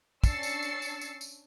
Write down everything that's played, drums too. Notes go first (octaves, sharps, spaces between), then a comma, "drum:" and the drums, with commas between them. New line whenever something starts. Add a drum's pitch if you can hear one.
C#4 D4 E6 A6 C7 C#7, drum: kick, tambourine
drum: tambourine
drum: tambourine
drum: tambourine
drum: tambourine
drum: tambourine